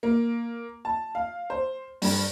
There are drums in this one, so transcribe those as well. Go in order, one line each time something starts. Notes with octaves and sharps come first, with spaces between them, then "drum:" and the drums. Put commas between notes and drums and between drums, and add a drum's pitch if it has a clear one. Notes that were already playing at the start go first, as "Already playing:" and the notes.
A#3
A5
F5
C5
G2, drum: open hi-hat